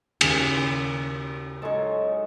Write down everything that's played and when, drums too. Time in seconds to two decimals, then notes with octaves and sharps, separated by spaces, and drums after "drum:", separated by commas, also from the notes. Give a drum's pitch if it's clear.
0.21 D#2 C#3 G#4, drum: cymbal
1.62 F#3 G#3 D#4 A4 C#5